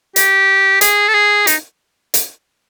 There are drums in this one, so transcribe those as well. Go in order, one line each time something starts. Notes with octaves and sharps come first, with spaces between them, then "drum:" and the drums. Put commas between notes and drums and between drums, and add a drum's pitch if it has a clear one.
G4, drum: hi-hat
G#4, drum: hi-hat
A4
G#4
D#4, drum: hi-hat
drum: hi-hat